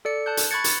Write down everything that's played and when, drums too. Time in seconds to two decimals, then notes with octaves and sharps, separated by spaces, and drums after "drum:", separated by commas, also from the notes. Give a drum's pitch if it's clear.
0.05 A4 D5 C#7
0.26 A5 F#6 G6
0.37 drum: hi-hat
0.51 B5 C#6 F#6 G#6 A6 C#7
0.64 drum: hi-hat